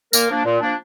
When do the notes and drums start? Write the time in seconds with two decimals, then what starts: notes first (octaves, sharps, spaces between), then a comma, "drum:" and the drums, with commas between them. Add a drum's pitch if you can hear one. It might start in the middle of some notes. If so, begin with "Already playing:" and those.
0.13 A#2 A#3 A#4, drum: tambourine
0.29 F3 A#3 D4
0.45 A#2
0.61 F3 A#3 D4